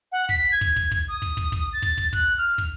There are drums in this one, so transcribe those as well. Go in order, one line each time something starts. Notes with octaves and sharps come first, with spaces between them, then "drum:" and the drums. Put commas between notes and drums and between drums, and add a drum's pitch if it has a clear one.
F#5
B6, drum: kick
G#6
drum: kick
drum: kick
drum: kick
D#6
drum: kick
drum: kick
drum: kick
A6
drum: kick
drum: kick
F#6, drum: kick
F6
drum: kick